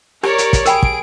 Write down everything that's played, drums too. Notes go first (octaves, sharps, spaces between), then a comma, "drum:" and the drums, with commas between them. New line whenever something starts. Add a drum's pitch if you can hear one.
G4 A#4 C#5 D5, drum: rim click
drum: hi-hat
drum: kick, hi-hat
G#4 A#4 G5 B5 D7, drum: hi-hat
drum: kick